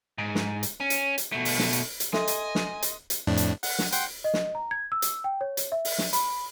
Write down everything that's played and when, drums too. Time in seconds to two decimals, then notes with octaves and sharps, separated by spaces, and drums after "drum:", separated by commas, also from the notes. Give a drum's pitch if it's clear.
0.18 G#2
0.35 drum: snare
0.63 drum: hi-hat
0.80 C#4
0.90 drum: hi-hat
1.18 drum: hi-hat
1.32 B2 A3
1.45 drum: open hi-hat
1.59 drum: snare
1.73 drum: hi-hat
2.00 drum: hi-hat
2.13 A4 D#5 E5 G#5 C6, drum: snare
2.28 drum: hi-hat
2.55 drum: snare
2.82 drum: hi-hat
3.10 drum: hi-hat
3.27 F2 A2 D4
3.37 drum: hi-hat
3.63 F#5, drum: open hi-hat
3.79 drum: snare
3.92 F#5 G5 C6, drum: hi-hat
4.24 D#5
4.34 drum: snare
4.55 A#5
4.71 G#6
4.92 E6
5.02 drum: hi-hat
5.24 G5
5.41 C#5
5.57 drum: hi-hat
5.72 E5
5.85 drum: open hi-hat
5.98 drum: snare
6.13 B5, drum: hi-hat